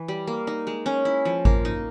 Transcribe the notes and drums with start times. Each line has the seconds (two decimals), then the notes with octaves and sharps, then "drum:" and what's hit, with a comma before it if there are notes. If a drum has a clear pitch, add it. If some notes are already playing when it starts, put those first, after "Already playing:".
Already playing: E3
0.08 G3
0.27 A#3
0.47 D#4
0.67 G#3
0.86 C#4
1.05 E4
1.25 F3
1.45 A#3, drum: kick G#1
1.65 D#4